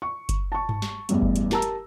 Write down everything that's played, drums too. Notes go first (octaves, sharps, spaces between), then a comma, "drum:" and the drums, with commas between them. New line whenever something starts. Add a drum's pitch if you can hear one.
C#6
drum: kick F#1, hi-hat
A5 C#6
drum: tom G2
drum: snare
A1 E2 G2, drum: hi-hat
drum: kick F#1
drum: hi-hat
G4 A#4 A5 A#5 E6, drum: snare
drum: hi-hat